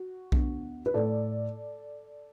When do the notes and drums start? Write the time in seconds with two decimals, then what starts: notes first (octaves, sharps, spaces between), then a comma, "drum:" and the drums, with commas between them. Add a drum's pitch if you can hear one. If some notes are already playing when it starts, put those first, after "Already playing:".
Already playing: F#4
0.32 D2 D3 B3, drum: kick B1
0.86 B4
0.94 A2 A3 A4 D5